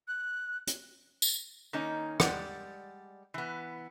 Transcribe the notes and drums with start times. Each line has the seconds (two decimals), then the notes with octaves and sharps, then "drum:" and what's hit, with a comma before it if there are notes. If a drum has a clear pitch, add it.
0.08 F#6
0.67 drum: hi-hat
1.22 drum: tambourine
1.73 D#3 A#3 C#4 D#4
2.20 G3 G#3 D5 F#5, drum: rim click
3.34 E3 B3